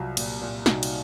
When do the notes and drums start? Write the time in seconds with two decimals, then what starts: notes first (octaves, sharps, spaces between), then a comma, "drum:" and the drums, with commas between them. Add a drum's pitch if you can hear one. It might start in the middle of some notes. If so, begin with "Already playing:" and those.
Already playing: C2 F#3 F4
0.17 A#2, drum: cymbal
0.42 A#2
0.66 C2 D#4 F#4, drum: snare
0.83 drum: cymbal